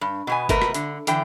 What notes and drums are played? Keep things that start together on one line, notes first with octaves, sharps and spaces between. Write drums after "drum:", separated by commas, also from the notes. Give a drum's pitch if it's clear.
G2
B2 B3 G#5
B2 A3 A#4 B4, drum: kick, hi-hat
drum: rim click
D3, drum: hi-hat
D3 E3 G5, drum: hi-hat